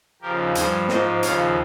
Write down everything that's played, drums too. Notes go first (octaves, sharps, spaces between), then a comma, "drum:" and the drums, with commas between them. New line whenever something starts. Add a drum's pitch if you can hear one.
D#2 C#3 F3 G4 A#4
G2 F3 G#4 C5, drum: hi-hat
G#2 F3 C5 D#5, drum: snare
D#2 C#3 F3 C#5 F5, drum: hi-hat